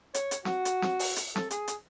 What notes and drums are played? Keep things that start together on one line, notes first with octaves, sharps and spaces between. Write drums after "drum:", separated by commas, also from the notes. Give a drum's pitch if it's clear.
C#5, drum: hi-hat
drum: hi-hat
F#4, drum: snare
drum: hi-hat
drum: snare
drum: open hi-hat
drum: hi-hat
A4, drum: snare
G#4, drum: hi-hat
drum: hi-hat